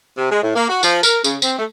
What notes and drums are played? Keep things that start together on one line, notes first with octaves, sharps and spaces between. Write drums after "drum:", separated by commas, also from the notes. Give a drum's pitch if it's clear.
C3
G#3
A2
A#3
F#4
F3, drum: tambourine
A#4, drum: tambourine
C#3, drum: tambourine
C4, drum: tambourine
A3